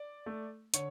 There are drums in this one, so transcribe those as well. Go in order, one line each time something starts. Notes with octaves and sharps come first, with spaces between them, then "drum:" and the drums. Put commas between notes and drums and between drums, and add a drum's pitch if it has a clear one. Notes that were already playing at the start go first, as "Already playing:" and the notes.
Already playing: D5
A3
D3 C#5, drum: hi-hat